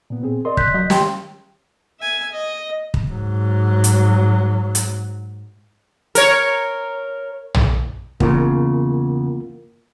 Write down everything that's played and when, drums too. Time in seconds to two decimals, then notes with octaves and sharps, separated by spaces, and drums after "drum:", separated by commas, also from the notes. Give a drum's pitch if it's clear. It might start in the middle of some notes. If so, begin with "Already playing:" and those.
0.10 A#2 B3
0.23 C4 G#4
0.45 A#4 D5 D#5 C6
0.57 F#6 G6 B6, drum: kick
0.74 F#3 F#4 D#5
0.90 D#3 G4 G5 C6, drum: snare
2.00 E5 G#5
2.32 D#5
2.94 drum: kick
3.10 G#2 F#3
3.84 drum: hi-hat
4.75 drum: hi-hat
6.15 A#4 C#5, drum: hi-hat
7.54 drum: tom
8.20 E2 C#3 A#3 F4 A#4, drum: kick